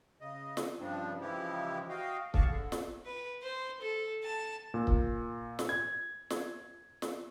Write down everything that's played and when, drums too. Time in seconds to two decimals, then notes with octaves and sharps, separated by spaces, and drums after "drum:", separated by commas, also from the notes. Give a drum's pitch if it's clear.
0.21 C#3 D#5
0.57 drum: snare
0.80 G2 C#3 F3 C4 D4
1.21 C#3 E3 F3 G#3 E4 G4
1.89 F#4 D#5 F5 G5
2.34 F#4 G#4 F5 A5 C#6 D6, drum: kick C#1
2.49 D3
2.72 drum: snare
3.06 B4
3.43 C5
3.82 A4
4.24 A5
4.74 A#2
4.87 drum: kick C#1
5.59 drum: snare
5.69 G#6
6.30 drum: snare
7.02 drum: snare